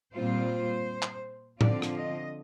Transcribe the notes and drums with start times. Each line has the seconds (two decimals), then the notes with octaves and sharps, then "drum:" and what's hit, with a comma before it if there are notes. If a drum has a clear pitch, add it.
0.14 A#2 G3 C4 F4 C5
1.02 drum: clap
1.61 D3 F3 C4 F4 D5, drum: tom A2
1.82 drum: rim click
1.98 D#5